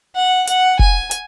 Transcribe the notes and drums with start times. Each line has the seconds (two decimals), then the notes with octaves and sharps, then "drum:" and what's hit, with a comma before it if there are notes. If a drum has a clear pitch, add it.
0.15 F#5
0.47 F#5, drum: hi-hat
0.79 G#5, drum: kick F1
1.11 drum: hi-hat